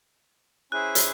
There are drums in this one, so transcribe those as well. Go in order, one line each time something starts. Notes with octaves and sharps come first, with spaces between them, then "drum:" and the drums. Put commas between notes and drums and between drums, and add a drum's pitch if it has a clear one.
C#4 E4 G#4 C5 E5 F#6
drum: hi-hat